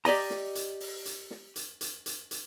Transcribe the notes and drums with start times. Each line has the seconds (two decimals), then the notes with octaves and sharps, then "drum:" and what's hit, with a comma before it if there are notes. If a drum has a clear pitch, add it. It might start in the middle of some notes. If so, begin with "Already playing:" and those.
0.05 G4 D5 D#5 A#5, drum: open hi-hat
0.30 drum: snare
0.55 drum: hi-hat
0.80 drum: open hi-hat
1.05 drum: hi-hat
1.31 drum: snare
1.56 drum: hi-hat
1.81 drum: hi-hat
2.06 drum: hi-hat
2.31 drum: hi-hat